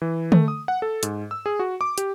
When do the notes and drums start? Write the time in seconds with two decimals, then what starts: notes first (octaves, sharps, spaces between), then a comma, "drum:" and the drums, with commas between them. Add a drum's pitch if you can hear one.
0.02 E3
0.32 A3, drum: tom
0.48 D#6
0.68 F#5
0.82 A4
1.03 G#2, drum: hi-hat
1.31 E6
1.46 G#4
1.59 F#4
1.81 D6
1.98 G4, drum: hi-hat